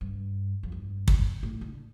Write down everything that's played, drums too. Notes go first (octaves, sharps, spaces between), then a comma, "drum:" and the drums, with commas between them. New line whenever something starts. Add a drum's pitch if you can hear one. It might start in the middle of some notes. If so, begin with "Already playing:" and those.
G2
F2
G2
drum: kick
A2
D3